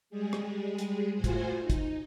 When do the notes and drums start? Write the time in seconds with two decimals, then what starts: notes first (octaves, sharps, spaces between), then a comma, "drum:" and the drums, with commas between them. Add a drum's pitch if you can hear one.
0.10 G3 G#3 G#4
0.33 drum: rim click
0.78 drum: hi-hat
1.14 A2 F4 F#4 C5 G#5
1.24 drum: kick, hi-hat
1.60 D#4
1.70 drum: kick, hi-hat